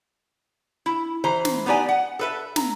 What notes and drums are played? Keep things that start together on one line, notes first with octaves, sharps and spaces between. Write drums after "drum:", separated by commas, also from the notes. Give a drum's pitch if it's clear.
E4
E3 C5 A#5
drum: snare
B3 D#4 G4 D5 G#5
F#5
A4 B4 E5
A#5, drum: snare